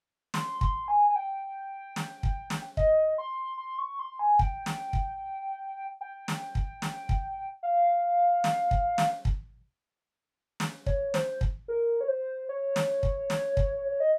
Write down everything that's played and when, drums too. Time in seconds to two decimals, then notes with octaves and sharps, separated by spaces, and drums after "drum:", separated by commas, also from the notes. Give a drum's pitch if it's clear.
0.34 C6, drum: snare
0.61 C6, drum: kick
0.88 G#5
1.10 G#5
1.16 G5
1.96 drum: snare
2.23 drum: kick
2.50 drum: snare
2.77 D#5, drum: kick
3.18 C6
3.58 C6
3.78 C#6
3.99 C6
4.19 G#5
4.39 G5, drum: kick
4.66 drum: snare
4.93 drum: kick
6.01 G5
6.28 drum: snare
6.55 drum: kick
6.82 drum: snare
7.09 drum: kick
7.63 F5
8.44 drum: snare
8.71 drum: kick
8.98 drum: snare
9.25 drum: kick
10.60 drum: snare
10.86 C#5, drum: kick
11.14 C5, drum: snare
11.41 drum: kick
11.68 A#4
12.01 C#5
12.08 C5
12.49 C#5
12.76 drum: snare
13.03 drum: kick
13.30 drum: snare
13.57 drum: kick
13.88 C#5
14.00 D#5